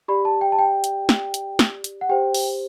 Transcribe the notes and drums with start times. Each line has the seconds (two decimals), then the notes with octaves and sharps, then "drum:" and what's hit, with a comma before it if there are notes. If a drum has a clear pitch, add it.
0.08 G4 D5 B5
0.25 A5
0.41 G5
0.52 A5
0.59 G5
0.84 drum: hi-hat
1.09 drum: snare
1.34 drum: hi-hat
1.59 drum: snare
1.84 drum: hi-hat
2.01 F#5
2.09 G4 C5 G5
2.34 drum: open hi-hat